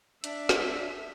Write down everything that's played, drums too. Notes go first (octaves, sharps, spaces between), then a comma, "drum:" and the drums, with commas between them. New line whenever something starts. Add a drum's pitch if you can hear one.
D4 E5, drum: hi-hat
drum: snare